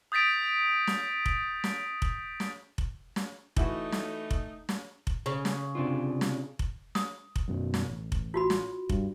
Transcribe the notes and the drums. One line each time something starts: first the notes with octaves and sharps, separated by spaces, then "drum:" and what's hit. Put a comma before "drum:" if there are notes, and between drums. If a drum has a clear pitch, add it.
D#6 G6 A6 B6 D7
drum: snare
drum: kick F1
drum: snare
drum: kick F1
drum: snare
drum: kick F1
drum: snare
E3 A3 D#4 E4 F#4, drum: kick F1
drum: snare
drum: kick F1
drum: snare
drum: kick F1
C#3
drum: snare
C3 D4 F4
drum: snare
drum: kick F1
D#6, drum: snare
drum: kick F1
F#2 B2 D#3
drum: snare
A1
drum: kick F1
F4 F#4 B5
drum: snare
G2, drum: kick F1